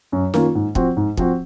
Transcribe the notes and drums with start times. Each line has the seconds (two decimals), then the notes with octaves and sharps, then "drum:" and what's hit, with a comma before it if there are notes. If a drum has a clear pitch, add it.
0.12 F#2
0.34 D#3 A#3 C#4 F4, drum: snare
0.55 G#2
0.75 F3 C4 F#4, drum: kick
0.97 G#2
1.17 F3 C4 F#4, drum: kick